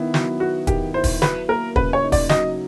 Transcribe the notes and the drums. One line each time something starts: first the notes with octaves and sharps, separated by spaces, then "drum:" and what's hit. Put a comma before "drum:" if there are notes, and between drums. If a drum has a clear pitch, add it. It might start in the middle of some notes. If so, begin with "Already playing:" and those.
Already playing: D#3 B3 E4
F#3, drum: snare
B3 F#4
D#3 G4, drum: kick, hi-hat
E4 C5
drum: kick, open hi-hat
F#3 B4, drum: snare
A#3 A#4
C#3 B4, drum: kick
C#5
D#4
D5, drum: kick, open hi-hat
F#3 D#5, drum: snare